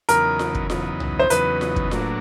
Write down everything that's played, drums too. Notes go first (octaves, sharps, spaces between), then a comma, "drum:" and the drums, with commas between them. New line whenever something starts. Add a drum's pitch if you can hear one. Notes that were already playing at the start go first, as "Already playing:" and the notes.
E2 C#3 F#3 B3 D#4 A#4, drum: hi-hat
drum: snare F4
drum: kick
E2 C#3 F#3 B3 D#4, drum: snare F4
drum: tom B1
C5
E2 C#3 F#3 B3 D#4 B4, drum: hi-hat
drum: snare F4
drum: kick
A2 F#3 A#3 D4, drum: snare F4